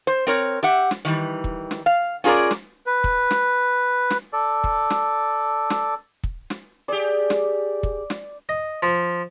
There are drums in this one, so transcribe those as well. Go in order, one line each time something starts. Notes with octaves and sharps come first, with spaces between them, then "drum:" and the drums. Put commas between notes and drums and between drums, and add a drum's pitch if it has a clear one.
C5
C4 A#4 C#5
G4 E5 F#5
drum: snare
D#3 E3 G3
drum: kick
drum: snare
F5
C#4 F4 G#4 A#4 D5
drum: snare
B4
drum: kick
drum: snare
drum: snare
A4 D5
drum: kick
drum: snare
drum: snare
drum: kick
drum: snare
G4 G#4 D5
drum: snare
drum: kick
drum: snare
D#5
F3